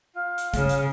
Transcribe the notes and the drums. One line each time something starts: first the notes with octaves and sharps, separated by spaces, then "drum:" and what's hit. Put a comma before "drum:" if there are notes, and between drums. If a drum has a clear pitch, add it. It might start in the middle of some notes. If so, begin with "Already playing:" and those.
F4
drum: hi-hat
C#3, drum: kick, hi-hat
drum: hi-hat